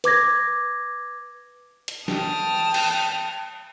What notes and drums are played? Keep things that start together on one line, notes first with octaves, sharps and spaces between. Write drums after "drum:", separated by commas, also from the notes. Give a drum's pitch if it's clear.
B4 D6 G#6 A#6, drum: hi-hat
drum: hi-hat
G5 A5 D#6 F6, drum: snare
drum: cymbal